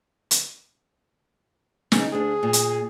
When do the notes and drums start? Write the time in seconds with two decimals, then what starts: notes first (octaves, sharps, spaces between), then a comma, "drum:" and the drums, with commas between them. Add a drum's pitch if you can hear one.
0.31 drum: hi-hat
1.92 C#3 D#4, drum: snare
2.12 D2 D4 G#4
2.43 A#2
2.53 drum: hi-hat